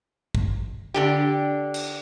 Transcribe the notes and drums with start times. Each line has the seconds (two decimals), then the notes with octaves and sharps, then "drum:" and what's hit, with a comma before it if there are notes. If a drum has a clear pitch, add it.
0.35 drum: kick
0.94 D3 D4 G4
1.74 drum: cymbal